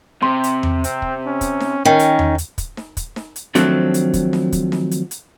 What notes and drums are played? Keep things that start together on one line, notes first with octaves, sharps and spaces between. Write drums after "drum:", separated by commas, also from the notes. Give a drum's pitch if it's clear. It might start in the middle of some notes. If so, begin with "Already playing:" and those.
C3 C6
drum: hi-hat
drum: tom E2
C4, drum: hi-hat
drum: kick
C#4
drum: kick, hi-hat
drum: snare D#4
D#3 C#4 G5
drum: hi-hat
drum: tom E2
drum: hi-hat
drum: kick, hi-hat
drum: snare D#4
drum: kick, hi-hat
drum: snare D#4
drum: hi-hat
D#3 F3 F#3 A3 C4 D4, drum: hi-hat
drum: hi-hat
drum: kick, hi-hat
drum: snare D#4
drum: kick, hi-hat
drum: snare D#4
drum: hi-hat
drum: hi-hat